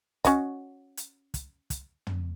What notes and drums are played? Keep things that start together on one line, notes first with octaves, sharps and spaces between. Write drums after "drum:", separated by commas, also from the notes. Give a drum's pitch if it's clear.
C#4 F#4 D#5, drum: kick, hi-hat
drum: hi-hat
drum: kick, hi-hat
drum: kick, hi-hat
drum: tom